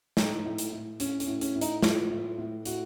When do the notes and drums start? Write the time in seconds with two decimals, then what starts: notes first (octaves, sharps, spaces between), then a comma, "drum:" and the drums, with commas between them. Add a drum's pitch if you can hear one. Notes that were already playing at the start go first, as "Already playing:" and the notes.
0.17 A2 D#4, drum: snare
0.44 A2
0.58 drum: hi-hat
0.72 A2
1.00 A2 C#4, drum: hi-hat
1.20 C#4, drum: hi-hat
1.27 A2
1.41 C#4, drum: hi-hat
1.55 A2
1.61 D#4, drum: hi-hat
1.82 A2 F4, drum: snare
2.11 A2
2.38 A2
2.65 A2 F#4, drum: hi-hat